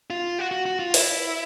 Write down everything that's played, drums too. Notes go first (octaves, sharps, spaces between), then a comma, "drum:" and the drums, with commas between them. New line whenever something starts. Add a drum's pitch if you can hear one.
F4
F#4
F#4
F#4
F4
E4, drum: open hi-hat